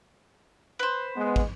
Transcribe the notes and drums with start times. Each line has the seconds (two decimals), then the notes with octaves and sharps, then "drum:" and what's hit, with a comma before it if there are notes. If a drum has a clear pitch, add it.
0.79 B4 C5
1.15 G#3 B3
1.36 drum: kick